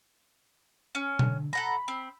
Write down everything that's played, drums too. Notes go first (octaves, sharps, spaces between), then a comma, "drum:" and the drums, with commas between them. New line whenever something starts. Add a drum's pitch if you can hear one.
C#4
D3, drum: tom B2
A4 F#5 A#5 B5
C4